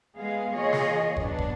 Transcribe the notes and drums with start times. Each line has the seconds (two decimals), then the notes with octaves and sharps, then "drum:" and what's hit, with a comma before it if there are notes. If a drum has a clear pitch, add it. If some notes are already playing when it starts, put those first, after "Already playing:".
0.16 G#3 B3 G#4 F5
0.54 E3 A#3 F4 G#4 C#5 D#5
0.73 drum: snare
1.17 F#3 B3 D4, drum: kick
1.38 drum: kick